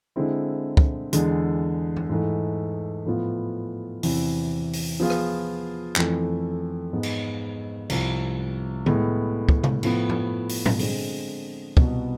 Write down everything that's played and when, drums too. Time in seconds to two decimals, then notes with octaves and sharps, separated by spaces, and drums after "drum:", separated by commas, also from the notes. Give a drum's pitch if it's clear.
0.16 D3 G#3 C4 E4
0.77 drum: kick
1.13 E2 D3 G#3, drum: hi-hat
1.96 drum: tom
2.09 G#2 E3 A3
3.06 A2 F3 B3 F4
4.03 E2 C3 E3, drum: open hi-hat
4.73 drum: open hi-hat
5.00 F3 B3 F4 G#4
5.10 drum: rim click
5.96 F2 E3 A3, drum: clap
6.93 G#2 G#3 B3
7.03 drum: cymbal
7.90 C2 C3 F3, drum: cymbal
8.86 A2 G#3 B3, drum: tom D3
9.49 drum: kick
9.64 drum: tom C3
9.83 A2 F3 B3, drum: cymbal
10.09 drum: tom
10.49 drum: open hi-hat
10.65 drum: tom
10.79 D3 G#3 C4, drum: open hi-hat
11.77 C2 B2 B3, drum: kick